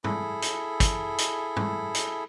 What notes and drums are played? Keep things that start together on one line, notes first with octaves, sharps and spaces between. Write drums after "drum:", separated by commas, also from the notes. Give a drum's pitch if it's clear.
E4 G#4 A4, drum: tom
drum: hi-hat
drum: kick, hi-hat
drum: hi-hat
drum: tom
drum: hi-hat